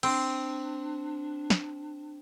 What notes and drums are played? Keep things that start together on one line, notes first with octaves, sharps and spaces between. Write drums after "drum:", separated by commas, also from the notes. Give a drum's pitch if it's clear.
C4 D4, drum: cymbal
drum: snare